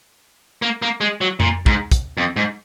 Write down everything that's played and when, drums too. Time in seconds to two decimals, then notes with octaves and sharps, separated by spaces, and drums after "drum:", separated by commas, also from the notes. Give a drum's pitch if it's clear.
0.62 A#3
0.82 A#3
1.01 G#3
1.21 F#3
1.40 A#2, drum: tom F2
1.66 G#2, drum: kick
1.92 drum: kick, hi-hat
2.17 F2
2.36 G#2